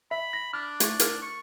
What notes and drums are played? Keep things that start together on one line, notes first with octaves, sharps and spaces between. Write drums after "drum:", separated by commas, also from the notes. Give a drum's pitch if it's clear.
E5 B5
A#6
D4 F6
A3 C#6, drum: hi-hat
A#4 F6, drum: hi-hat
C#6